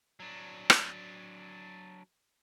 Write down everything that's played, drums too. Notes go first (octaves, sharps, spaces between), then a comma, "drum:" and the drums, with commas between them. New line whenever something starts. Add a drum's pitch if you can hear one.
F#3 D4
drum: rim click